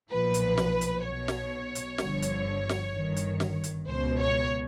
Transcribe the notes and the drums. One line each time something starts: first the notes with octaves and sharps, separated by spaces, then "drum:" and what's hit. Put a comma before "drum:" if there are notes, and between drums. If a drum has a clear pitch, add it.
B1 A#2 F3 B4
drum: hi-hat
drum: snare
drum: hi-hat
B1 B2 C#5
drum: snare
drum: hi-hat
G1 G2 D3 F3, drum: snare
drum: hi-hat
drum: snare
G1 G2 D#3
drum: hi-hat
drum: snare
drum: hi-hat
C#2 B2 C5
C#5